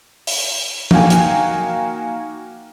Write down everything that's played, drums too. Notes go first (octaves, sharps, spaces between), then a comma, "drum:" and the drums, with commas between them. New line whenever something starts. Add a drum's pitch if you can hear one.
drum: open hi-hat
A#3 D#4 F#4 F5 G5 G#5, drum: tom
drum: hi-hat